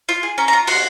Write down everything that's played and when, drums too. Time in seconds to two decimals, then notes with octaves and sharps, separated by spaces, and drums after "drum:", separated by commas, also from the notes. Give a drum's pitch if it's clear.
0.09 F4
0.23 G#4
0.38 C#4 A#5
0.48 A#5
0.53 F4
0.67 F#4 C6, drum: open hi-hat